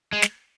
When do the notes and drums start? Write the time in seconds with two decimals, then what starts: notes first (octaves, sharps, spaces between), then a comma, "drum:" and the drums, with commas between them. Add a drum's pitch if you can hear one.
0.13 G#3
0.22 drum: snare